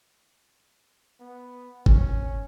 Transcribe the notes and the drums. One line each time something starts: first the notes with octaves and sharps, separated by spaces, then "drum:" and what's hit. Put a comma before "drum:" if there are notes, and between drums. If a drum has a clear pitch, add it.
B3
C#4, drum: kick G1